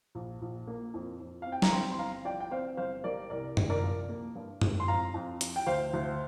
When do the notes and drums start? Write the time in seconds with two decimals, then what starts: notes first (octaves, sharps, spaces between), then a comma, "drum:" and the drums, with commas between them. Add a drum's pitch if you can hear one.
0.15 A#1
0.42 A#1
0.67 A#3
0.94 F2
1.20 F2
1.42 C4 F5
1.52 G5
1.62 A#5, drum: snare
1.72 C4 G5 C6
1.91 C6
1.99 G1 F5 A#5
2.25 F3 D5 G5
2.40 G5
2.51 C4 C5 F5
2.77 G1 C5 F5
3.04 G3 A#4 D5
3.30 C2 A#4 D5
3.57 C2, drum: tom F#2
3.70 A#4 D5
3.84 F3
4.09 A#3
4.36 G2
4.61 G3, drum: tom F#2
4.80 C6
4.88 F2 F5 A#5
5.14 F2
5.41 F3, drum: hi-hat
5.56 G5
5.67 D2 C5 F5
5.93 D2